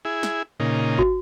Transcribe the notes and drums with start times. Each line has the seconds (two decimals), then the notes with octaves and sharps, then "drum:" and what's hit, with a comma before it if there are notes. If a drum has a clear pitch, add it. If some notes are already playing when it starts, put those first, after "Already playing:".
0.05 E4 G#4
0.23 drum: snare
0.60 A#2 C#3 D#4
0.99 F#4, drum: kick